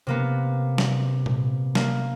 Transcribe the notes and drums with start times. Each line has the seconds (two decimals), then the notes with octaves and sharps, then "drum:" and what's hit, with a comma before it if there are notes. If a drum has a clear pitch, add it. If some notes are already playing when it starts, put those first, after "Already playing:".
0.07 C3 A#3 B3
0.78 drum: snare
1.26 drum: tom A#2
1.75 A#3, drum: snare